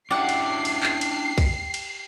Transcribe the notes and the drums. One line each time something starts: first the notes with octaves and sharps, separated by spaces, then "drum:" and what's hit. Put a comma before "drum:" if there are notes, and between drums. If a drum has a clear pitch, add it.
C#4 D4 E4 G4 D5 F#5 C7
drum: cymbal
drum: cymbal
drum: clap
drum: cymbal
drum: kick, cymbal
drum: cymbal